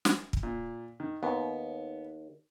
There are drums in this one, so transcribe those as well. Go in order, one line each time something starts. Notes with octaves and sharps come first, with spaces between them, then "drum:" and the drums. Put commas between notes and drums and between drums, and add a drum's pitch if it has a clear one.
drum: snare
drum: kick
A#2
D#3
D#2 B3